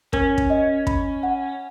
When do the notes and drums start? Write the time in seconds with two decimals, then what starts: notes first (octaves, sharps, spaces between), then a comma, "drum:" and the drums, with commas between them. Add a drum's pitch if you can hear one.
0.13 C#4 A#4, drum: kick
0.38 drum: kick
0.50 D#5
0.87 B5, drum: kick
1.23 F#5